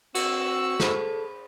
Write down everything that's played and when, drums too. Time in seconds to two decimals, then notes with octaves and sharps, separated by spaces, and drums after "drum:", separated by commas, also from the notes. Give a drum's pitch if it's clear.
0.15 C4 F#4 E6, drum: cymbal
0.80 G#4 A4 C5 B5, drum: snare